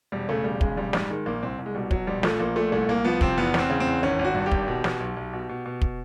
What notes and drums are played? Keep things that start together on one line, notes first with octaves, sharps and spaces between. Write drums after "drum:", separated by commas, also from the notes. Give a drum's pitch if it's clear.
E1 G3
C#3 A3
E1 G3
C#3 G#3, drum: kick
A#1 G3
G#2 G3, drum: snare
D#3 G#3
A#1 A#3
C2 C4
C2
G#3
B2 G3
B2 F#3, drum: kick
A#1 G3
F3 A3, drum: snare
A#1 A#3
A#2 A3
C2 A3
C2 A#3
F3 B3
C3 C4, drum: kick
E2 B3
E2 C4, drum: snare
C#3
C4
E2
G#1 C#4
G#1
F#4
G2
G4
G#1, drum: kick
B2
B2, drum: snare
B1
B1
B2
B2
B2
drum: kick